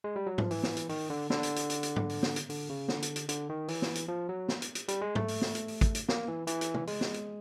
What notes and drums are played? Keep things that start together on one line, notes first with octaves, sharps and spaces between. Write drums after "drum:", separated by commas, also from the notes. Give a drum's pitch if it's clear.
G#3
G3
F#3
F3, drum: tom G#2
E3, drum: open hi-hat
drum: snare
drum: hi-hat
D#3, drum: open hi-hat
D3
D3, drum: snare
drum: hi-hat
drum: hi-hat
drum: hi-hat
drum: hi-hat
drum: tom G#2
drum: open hi-hat
drum: snare
drum: hi-hat
D3, drum: open hi-hat
C#3
D3, drum: snare
drum: hi-hat
drum: hi-hat
D3, drum: hi-hat
D#3
E3, drum: open hi-hat
drum: snare
drum: hi-hat
F3
F#3
drum: snare
drum: hi-hat
drum: hi-hat
G3, drum: hi-hat
G#3
A3, drum: tom G#2
drum: open hi-hat
drum: snare
drum: hi-hat
drum: open hi-hat
drum: kick, hi-hat
drum: hi-hat
A#3, drum: snare
E3
E3, drum: hi-hat
drum: hi-hat
drum: tom C3
G#3, drum: open hi-hat
drum: snare
drum: hi-hat